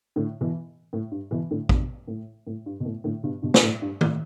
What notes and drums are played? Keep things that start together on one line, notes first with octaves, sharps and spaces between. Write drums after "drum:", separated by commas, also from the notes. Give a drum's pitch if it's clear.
A2 D3
B2 E3
A2
G2
B2 E3
A2 D3
G2 B2, drum: kick A1
A2
A2
G2
B2
A2
A2 D3
G2 B2
G2 B2
G2, drum: snare
A2
G2
A2, drum: tom